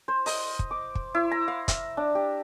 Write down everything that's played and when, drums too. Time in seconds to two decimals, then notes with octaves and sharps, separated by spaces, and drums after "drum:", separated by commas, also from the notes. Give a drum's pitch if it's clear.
0.08 C5
0.26 D#5, drum: open hi-hat
0.59 drum: kick
0.71 D6
0.95 drum: kick
1.15 E4
1.31 A#5
1.48 F5
1.68 E5, drum: kick, hi-hat
1.97 D4
2.15 G4